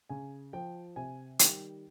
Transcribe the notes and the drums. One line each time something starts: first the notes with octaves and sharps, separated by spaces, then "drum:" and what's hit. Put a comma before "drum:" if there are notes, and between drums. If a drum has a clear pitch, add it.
C#3 G#5
F3 G5
C3 G#5
D#3 G3 G5, drum: hi-hat